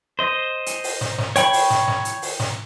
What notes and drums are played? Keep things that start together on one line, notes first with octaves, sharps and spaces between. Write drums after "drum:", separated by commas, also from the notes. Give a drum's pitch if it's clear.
C5 D#5
drum: hi-hat
drum: open hi-hat
drum: snare
drum: snare
C#5 G5 B5 C#6, drum: hi-hat
drum: open hi-hat
drum: snare
drum: snare
drum: hi-hat
drum: open hi-hat
drum: snare